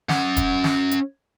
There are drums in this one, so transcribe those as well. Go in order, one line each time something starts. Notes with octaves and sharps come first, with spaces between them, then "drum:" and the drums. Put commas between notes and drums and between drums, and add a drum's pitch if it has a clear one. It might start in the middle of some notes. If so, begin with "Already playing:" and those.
C#4 F#5, drum: snare
drum: kick E1, hi-hat
drum: snare
drum: hi-hat